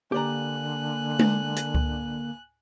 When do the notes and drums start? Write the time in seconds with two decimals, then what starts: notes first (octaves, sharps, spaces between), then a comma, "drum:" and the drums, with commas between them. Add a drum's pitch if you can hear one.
0.12 D3 A#3 G4 D5 G#5 A#5 F#6
1.19 drum: tom G#3
1.56 drum: hi-hat
1.75 drum: kick C#2